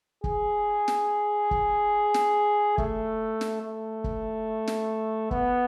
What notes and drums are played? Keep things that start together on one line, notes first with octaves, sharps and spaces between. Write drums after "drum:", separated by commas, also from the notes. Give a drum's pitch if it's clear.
G#4, drum: kick
drum: snare
drum: kick
drum: snare
A3, drum: kick
drum: snare
A3
drum: kick
drum: snare
B3, drum: kick